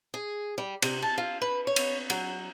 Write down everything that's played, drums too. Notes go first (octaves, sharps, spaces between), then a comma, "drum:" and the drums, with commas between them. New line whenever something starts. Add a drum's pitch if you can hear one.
G#4
G3
C3, drum: cymbal
A5
F4
B4
C#5
drum: cymbal
F#3, drum: cymbal